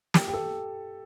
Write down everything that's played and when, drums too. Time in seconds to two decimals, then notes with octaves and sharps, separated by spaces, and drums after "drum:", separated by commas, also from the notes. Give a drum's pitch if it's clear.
0.14 G4, drum: snare
0.28 G4
0.34 A4